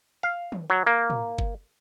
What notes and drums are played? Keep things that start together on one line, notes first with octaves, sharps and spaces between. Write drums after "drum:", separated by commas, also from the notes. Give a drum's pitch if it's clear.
F5
drum: tom
F#3
A#3
drum: tom
drum: kick G1